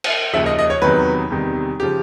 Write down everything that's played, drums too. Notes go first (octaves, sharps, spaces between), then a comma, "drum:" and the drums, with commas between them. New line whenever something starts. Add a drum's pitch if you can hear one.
drum: cymbal
D#2 C#3 F3 E5
D#5
D#5
C#5
E2 C3 D#3 F#3 B4
E2 C3 D#3 G3
C#3 F3 G4